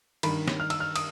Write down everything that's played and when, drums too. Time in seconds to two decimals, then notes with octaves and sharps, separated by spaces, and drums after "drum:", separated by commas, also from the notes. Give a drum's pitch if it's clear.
0.23 G2 D#3 B5, drum: cymbal
0.48 drum: snare
0.60 F6
0.70 E6, drum: cymbal
0.80 F6
0.96 D#6, drum: cymbal